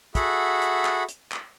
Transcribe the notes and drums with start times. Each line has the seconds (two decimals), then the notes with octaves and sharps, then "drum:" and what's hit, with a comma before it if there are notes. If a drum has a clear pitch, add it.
0.15 F#4 G#4 A4 E5 F#5 B5, drum: kick, hi-hat
0.62 drum: hi-hat
0.85 drum: clap
1.09 drum: hi-hat
1.32 drum: clap